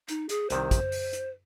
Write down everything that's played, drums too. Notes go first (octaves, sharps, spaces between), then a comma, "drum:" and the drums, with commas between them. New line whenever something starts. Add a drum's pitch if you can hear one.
D#4, drum: hi-hat
G#4, drum: hi-hat
C2 C3 D#3 C5, drum: hi-hat
drum: kick, hi-hat
drum: open hi-hat
drum: hi-hat